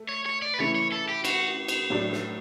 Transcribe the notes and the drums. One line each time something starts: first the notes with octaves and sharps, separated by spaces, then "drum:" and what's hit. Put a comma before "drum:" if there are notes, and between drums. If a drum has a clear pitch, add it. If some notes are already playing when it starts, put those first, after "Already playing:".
Already playing: A3
C#5
C#5
D5
B4
C#3 E3 A3 E4 C#5
C#5
A4
G4
F#4, drum: cymbal
drum: cymbal
A2 F#3 A3 D4
drum: snare